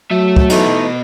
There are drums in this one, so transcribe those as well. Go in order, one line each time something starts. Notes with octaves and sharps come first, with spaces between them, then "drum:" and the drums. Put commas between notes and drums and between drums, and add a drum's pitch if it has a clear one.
F#3 A3 E5
drum: kick
B2 E3 A3 B3 D#4, drum: cymbal